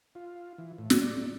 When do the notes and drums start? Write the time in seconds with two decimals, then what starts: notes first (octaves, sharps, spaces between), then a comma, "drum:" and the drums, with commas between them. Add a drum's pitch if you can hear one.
0.15 F4
0.58 E3
0.78 A2
0.90 drum: snare
1.02 D5